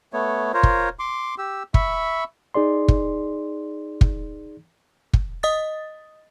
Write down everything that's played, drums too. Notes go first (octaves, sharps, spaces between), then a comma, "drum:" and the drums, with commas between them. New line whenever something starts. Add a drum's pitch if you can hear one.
A3 B3 C#5
F4 A#4 C5 C#5
drum: kick
C6 D6
G4 E6
E5 B5 C#6, drum: kick
D#4 G#4 D5 C6
drum: kick
drum: kick
drum: kick
D#5 D#6 A6